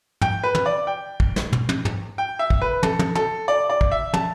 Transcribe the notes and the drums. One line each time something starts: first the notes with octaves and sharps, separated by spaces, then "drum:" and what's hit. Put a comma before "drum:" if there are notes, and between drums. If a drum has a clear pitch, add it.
G5, drum: tom
B4
drum: tom
D5
G5
drum: kick
drum: snare
drum: tom
drum: tom
drum: tom
G5
E5
drum: kick
B4
A4, drum: tom
drum: tom
A4, drum: tom
D5
D5
drum: kick
E5
A5, drum: tom